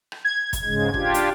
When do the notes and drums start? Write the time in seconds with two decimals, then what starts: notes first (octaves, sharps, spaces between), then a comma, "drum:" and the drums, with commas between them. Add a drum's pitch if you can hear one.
0.12 drum: rim click
0.25 G#6
0.53 drum: kick, hi-hat
0.64 G#2 C#3 G#3
0.94 D4 F4 G4, drum: kick
1.14 drum: hi-hat